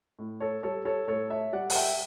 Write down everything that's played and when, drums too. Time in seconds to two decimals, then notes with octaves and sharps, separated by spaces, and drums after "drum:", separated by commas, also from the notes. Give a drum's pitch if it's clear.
0.19 A2
0.40 A4 C#5
0.63 G3 A4 C#5
0.85 A4 C#5
1.07 A2 A4 C#5
1.30 C#5 E5
1.53 G3 D5 F#5
1.70 F#5, drum: open hi-hat
1.75 E5 G5